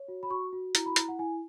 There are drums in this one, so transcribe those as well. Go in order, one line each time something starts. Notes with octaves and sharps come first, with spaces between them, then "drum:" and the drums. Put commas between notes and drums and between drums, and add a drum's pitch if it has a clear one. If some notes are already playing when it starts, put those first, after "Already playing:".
Already playing: C#5
F#4
B5
F#4 C#6
F#4
E4 A#5, drum: hi-hat
B5
E4 A#5, drum: hi-hat
F#5
E4 G#5